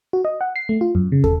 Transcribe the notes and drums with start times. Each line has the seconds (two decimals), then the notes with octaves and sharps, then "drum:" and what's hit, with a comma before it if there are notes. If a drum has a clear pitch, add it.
0.13 F#4
0.25 D#5
0.41 F#5
0.56 C7
0.69 A3
0.81 F4
0.95 F#2
1.12 C#3
1.24 A4, drum: kick